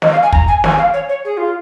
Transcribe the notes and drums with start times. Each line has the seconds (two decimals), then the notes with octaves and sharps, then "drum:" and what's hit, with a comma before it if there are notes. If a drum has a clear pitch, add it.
0.02 D#5, drum: snare
0.12 F5
0.23 G#5
0.33 A#5, drum: kick
0.48 G#5
0.64 G#5, drum: snare
0.78 F5
0.93 C#5
1.09 C#5
1.25 G#4
1.37 F4